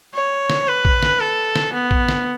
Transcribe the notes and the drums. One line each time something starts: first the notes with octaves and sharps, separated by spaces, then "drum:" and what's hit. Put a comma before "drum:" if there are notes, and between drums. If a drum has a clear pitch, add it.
C#5
drum: snare
B4
drum: kick
drum: snare
A4
drum: snare
B3
drum: kick
drum: snare